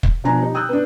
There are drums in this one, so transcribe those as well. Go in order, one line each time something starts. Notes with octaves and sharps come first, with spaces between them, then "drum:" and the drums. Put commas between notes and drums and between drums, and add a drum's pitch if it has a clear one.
drum: kick
B2 F3 D4 G#5 A#5
G3 D#4
G5 D#6 E6 F#6 G6
B3 D4